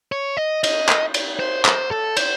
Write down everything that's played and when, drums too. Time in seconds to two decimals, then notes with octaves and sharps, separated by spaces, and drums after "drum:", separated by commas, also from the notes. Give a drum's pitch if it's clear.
0.12 C#5
0.37 D#5
0.64 D#5, drum: cymbal
0.89 drum: clap
1.14 drum: cymbal
1.39 C5
1.65 C5, drum: clap
1.91 A4
2.17 C5, drum: cymbal